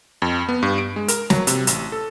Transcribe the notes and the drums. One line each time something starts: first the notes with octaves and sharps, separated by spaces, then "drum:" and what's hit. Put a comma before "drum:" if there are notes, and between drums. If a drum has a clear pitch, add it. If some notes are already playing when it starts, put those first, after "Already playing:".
F2
B3
G2
D7
G#3
A#4, drum: hi-hat
F#3, drum: snare
C3, drum: hi-hat
A1, drum: hi-hat
A4